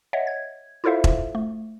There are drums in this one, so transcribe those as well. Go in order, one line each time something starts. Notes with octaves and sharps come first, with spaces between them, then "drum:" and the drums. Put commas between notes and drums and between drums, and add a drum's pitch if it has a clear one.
C#5 D#5 E5 F#5
G#6
E4 F4 A4 C5 E5 F5
drum: kick E1
A3